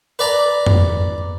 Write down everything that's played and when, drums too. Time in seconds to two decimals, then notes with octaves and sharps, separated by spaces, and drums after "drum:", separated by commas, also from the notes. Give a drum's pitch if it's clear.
0.19 B4 D5 A#5
0.66 drum: tom F2